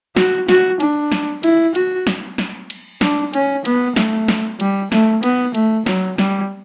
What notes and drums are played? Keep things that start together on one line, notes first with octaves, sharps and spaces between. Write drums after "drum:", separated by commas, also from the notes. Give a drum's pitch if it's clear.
F#4, drum: snare
F#4, drum: snare
D4, drum: cymbal
drum: snare
E4, drum: cymbal
F#4, drum: cymbal
drum: snare
drum: snare
drum: cymbal
D4, drum: snare
C#4, drum: cymbal
B3, drum: cymbal
A3, drum: snare
drum: snare
G3, drum: cymbal
A3, drum: snare
B3, drum: cymbal
A3, drum: cymbal
F#3, drum: snare
G3, drum: snare